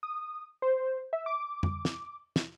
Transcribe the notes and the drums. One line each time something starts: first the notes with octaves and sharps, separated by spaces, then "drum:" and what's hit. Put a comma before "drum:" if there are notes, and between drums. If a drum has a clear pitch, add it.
D#6
C5
E5
D6
drum: tom F2
drum: snare
drum: snare